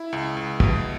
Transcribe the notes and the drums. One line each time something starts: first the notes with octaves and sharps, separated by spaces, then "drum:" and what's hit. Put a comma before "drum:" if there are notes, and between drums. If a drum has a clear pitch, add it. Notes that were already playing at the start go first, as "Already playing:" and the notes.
Already playing: E4
C#2
C#2
B2, drum: kick